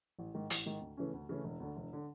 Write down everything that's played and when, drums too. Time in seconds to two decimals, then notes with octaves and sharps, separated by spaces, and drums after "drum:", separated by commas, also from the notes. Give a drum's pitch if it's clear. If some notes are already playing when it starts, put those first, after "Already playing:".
0.19 A1
0.34 G#2 D#3
0.50 A1, drum: hi-hat
0.66 G#2 D#3
0.81 D2
0.97 C#3 E3 A3 C#4
1.13 D2
1.29 C#3 E3 A3 C#4
1.44 E1
1.60 D2 D3
1.76 E1
1.93 D3